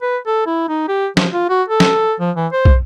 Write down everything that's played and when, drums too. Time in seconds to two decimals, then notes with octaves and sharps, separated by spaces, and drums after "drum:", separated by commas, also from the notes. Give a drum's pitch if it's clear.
0.02 B4
0.27 A4
0.46 E4
0.68 D#4
0.88 G4
1.17 F3, drum: snare
1.33 F4
1.49 F#4
1.68 A4
1.80 drum: snare
2.20 F3
2.36 E3
2.53 C5
2.65 drum: kick